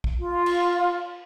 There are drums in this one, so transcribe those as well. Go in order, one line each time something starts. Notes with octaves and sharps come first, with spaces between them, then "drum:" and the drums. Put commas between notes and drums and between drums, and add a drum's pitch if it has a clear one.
drum: kick
F4
drum: cymbal